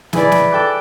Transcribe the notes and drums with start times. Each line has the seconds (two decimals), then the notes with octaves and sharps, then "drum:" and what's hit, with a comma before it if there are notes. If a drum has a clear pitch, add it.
0.13 E4 G#4 B4 D5, drum: snare
0.32 drum: snare
0.51 A4 G5 D6 F#6